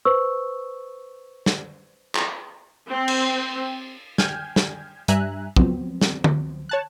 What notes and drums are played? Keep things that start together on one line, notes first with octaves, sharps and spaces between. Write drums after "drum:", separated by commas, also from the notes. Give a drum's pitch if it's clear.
B4 C5 C#6 E6
drum: snare
drum: clap
C4
drum: cymbal
G5 G#5 F6 G6 G#6, drum: snare
drum: snare
G2 G3 E5 G#5 A#5 F#6, drum: hi-hat
C#2 F3 F#3 B3 C4, drum: kick
drum: snare
drum: tom D3
C#5 A5 F#6